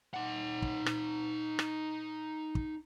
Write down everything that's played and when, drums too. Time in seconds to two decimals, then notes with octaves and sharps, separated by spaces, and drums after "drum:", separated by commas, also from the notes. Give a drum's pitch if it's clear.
0.14 D#4 F#5
0.62 drum: kick
0.86 drum: rim click
1.59 drum: rim click
2.55 drum: kick